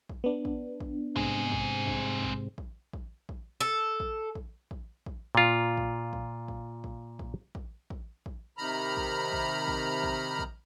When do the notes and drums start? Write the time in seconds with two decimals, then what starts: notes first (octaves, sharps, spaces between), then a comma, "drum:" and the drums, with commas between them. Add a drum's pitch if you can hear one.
0.10 drum: kick
0.24 B3 D4
0.45 drum: kick
0.80 drum: kick
1.16 G#2 C3 C4 G#4, drum: kick
1.51 drum: kick
1.87 drum: kick
2.22 drum: kick
2.58 drum: kick
2.93 drum: kick
3.29 drum: kick
3.61 A4
4.00 drum: kick
4.35 drum: kick
4.71 drum: kick
5.06 drum: kick
5.35 A#2 F4
5.77 drum: kick
6.13 drum: kick
6.48 drum: kick
6.84 drum: kick
7.19 drum: kick
7.55 drum: kick
7.90 drum: kick
8.26 drum: kick
8.58 C3 D#3 A#5 B5 F6
8.97 drum: kick
9.32 drum: kick
9.68 drum: kick
10.03 drum: kick
10.39 drum: kick